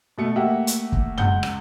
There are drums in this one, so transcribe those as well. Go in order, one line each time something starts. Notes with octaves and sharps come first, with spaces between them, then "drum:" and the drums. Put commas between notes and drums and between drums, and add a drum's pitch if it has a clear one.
B2 A3 C#7
A3 A#3 G4 E5 F#5
drum: hi-hat
drum: kick
C#2 F#5 G6 G7, drum: tom
drum: rim click